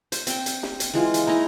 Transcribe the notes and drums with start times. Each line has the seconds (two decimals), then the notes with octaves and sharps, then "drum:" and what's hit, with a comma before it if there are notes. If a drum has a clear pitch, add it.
0.12 C5, drum: hi-hat
0.27 C4 G5, drum: hi-hat
0.46 drum: hi-hat
0.63 drum: snare
0.80 drum: hi-hat
0.94 E3 G#3 F4
1.14 drum: hi-hat
1.27 D#4 E4 D#5 A#5